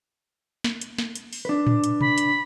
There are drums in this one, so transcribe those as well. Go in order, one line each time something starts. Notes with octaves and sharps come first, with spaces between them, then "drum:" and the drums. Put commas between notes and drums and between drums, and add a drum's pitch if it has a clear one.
drum: snare
drum: hi-hat
drum: snare
drum: hi-hat
drum: open hi-hat
D4 B4
drum: tom A2
drum: hi-hat
B5, drum: tom B2
drum: hi-hat